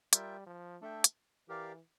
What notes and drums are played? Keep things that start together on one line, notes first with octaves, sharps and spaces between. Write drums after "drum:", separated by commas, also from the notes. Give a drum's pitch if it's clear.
G3 F4 A#4 E5 G5, drum: hi-hat
F3
A3 D4 A4 E5 G5
drum: hi-hat
E3 G4 A#4 D5 F5